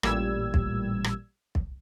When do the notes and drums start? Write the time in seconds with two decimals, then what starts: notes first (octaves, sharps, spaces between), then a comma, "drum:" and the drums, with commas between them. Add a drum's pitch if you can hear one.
0.03 A1 A#2 G3 E6 G#6, drum: rim click
0.54 drum: kick
1.04 drum: rim click
1.55 drum: kick